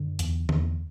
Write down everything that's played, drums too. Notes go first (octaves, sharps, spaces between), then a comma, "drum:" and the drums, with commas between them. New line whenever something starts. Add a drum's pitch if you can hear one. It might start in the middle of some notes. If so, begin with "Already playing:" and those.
Already playing: F#2 D3
E2, drum: hi-hat
E2, drum: tom D3